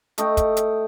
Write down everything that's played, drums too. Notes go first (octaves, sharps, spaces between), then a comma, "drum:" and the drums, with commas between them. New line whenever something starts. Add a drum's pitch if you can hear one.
A3 D#5 G5, drum: hi-hat
drum: kick, hi-hat
drum: hi-hat